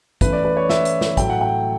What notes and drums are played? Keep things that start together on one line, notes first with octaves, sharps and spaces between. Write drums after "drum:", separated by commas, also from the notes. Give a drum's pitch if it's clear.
E3 A3 C#4 B4, drum: kick, hi-hat
D5
B4
C#5
E5, drum: snare
drum: hi-hat
drum: snare
A2 F#3 A3 G5, drum: kick, hi-hat
F#5
G5